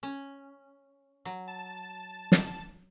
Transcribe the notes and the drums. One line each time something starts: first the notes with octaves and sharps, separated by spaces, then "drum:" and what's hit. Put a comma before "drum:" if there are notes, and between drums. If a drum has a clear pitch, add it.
C#4
F#3
A5
drum: snare